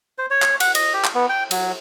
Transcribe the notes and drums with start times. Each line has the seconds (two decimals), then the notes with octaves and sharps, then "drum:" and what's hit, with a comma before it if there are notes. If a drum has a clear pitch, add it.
0.18 C5
0.31 C#5
0.42 drum: clap
0.60 F#5, drum: cymbal
0.75 D#5, drum: cymbal
0.93 G4
1.04 drum: clap
1.15 B3
1.29 G5
1.51 F#3, drum: cymbal